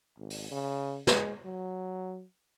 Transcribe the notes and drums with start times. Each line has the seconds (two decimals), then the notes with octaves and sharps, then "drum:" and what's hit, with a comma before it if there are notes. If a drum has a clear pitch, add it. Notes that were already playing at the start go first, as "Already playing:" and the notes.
0.19 G#1
0.30 drum: open hi-hat
0.51 C#3
1.07 G#3, drum: snare
1.45 F#3